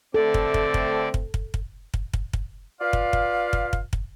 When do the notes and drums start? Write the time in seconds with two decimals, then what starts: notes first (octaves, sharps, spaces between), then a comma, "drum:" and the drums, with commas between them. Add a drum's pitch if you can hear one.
0.14 D3 A3 C4 A4 D5
0.34 drum: kick
0.54 drum: kick
0.74 drum: kick
1.14 drum: kick
1.34 drum: kick
1.54 drum: kick
1.94 drum: kick
2.14 drum: kick
2.33 drum: kick
2.81 F4 B4 D5 F5
2.93 drum: kick
3.13 drum: kick
3.53 drum: kick
3.73 drum: kick
3.93 drum: kick